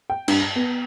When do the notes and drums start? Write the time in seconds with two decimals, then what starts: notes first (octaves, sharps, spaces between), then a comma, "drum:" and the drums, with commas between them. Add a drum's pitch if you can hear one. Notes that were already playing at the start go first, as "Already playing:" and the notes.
0.10 G5
0.28 G2, drum: cymbal
0.40 A#6
0.56 B3